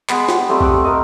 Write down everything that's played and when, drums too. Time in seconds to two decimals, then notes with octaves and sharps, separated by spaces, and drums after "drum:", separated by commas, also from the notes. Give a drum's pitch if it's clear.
0.10 G#3 B3, drum: clap
0.29 G4, drum: snare
0.49 G3 A3 C4 A4
0.61 A4 F#5 D6 D#6, drum: kick B1
0.84 A#4 D#5